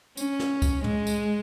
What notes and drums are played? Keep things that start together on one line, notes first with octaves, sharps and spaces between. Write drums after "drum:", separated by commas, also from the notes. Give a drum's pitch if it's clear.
C#4, drum: tambourine
drum: snare
drum: kick C#2, tambourine
G#3, drum: tom
drum: tambourine